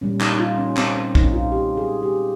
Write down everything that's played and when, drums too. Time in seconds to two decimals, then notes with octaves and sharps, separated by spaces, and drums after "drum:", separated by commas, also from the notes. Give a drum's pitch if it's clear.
0.01 A#2 G3 A#3 C#4
0.21 D#4, drum: clap
0.34 D#4
0.40 F4
0.58 C#4
0.77 C4, drum: clap
0.96 C#4
1.15 D#4, drum: kick
1.33 F4
1.52 G4
1.77 G#4
2.03 G4